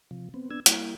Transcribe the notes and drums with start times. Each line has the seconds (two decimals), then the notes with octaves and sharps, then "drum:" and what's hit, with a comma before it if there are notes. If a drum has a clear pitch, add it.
0.11 C3 F3
0.34 B3 C4
0.51 B3 D4 E6 G#6
0.66 G3 A#3 E4, drum: hi-hat